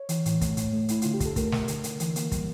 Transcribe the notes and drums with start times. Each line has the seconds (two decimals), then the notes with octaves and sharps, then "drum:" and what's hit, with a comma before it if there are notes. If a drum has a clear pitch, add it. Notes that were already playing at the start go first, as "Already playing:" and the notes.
Already playing: C#5
0.09 E3, drum: hi-hat
0.26 A2, drum: hi-hat
0.41 A3, drum: kick, hi-hat
0.57 A2, drum: hi-hat
0.73 A3
0.88 A3 E4, drum: hi-hat
1.02 D3 F4, drum: hi-hat
1.13 G4
1.20 D3 A4, drum: kick, hi-hat
1.36 A3 A#4, drum: kick, hi-hat
1.52 A3, drum: snare
1.68 D3, drum: hi-hat
1.84 D3, drum: hi-hat
2.00 E3, drum: hi-hat
2.16 A#3, drum: hi-hat
2.32 G3, drum: kick, hi-hat